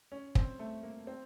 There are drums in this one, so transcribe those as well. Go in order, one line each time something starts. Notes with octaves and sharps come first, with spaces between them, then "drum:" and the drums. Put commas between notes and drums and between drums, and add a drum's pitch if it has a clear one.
C#4
C4, drum: kick
A3
A#3
C4